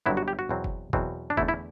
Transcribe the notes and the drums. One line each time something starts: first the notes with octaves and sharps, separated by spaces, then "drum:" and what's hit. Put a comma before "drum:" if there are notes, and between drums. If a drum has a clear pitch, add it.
G1 G2 D3 F#3 B3 E4
F#4
G4
F#4
E2 B2 F#3 C4
drum: kick
E2 B2 F#3 C4, drum: kick
D4
E2 D3 A3 E4, drum: kick
E4